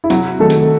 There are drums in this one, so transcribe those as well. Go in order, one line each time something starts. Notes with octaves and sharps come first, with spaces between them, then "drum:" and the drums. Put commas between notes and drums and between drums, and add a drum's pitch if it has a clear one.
E4
C3 F#3 F#4, drum: hi-hat
D#3 F#3 A3 A4
drum: hi-hat